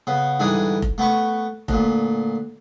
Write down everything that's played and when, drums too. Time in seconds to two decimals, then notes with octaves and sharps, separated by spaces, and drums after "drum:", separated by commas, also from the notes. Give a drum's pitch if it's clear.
0.07 C#3 B3
0.39 G#2 D3 E3 G3 G#5 D#6
0.82 drum: kick F1
0.98 A3 B3 B5 C#6
1.68 D2 A#2, drum: kick F1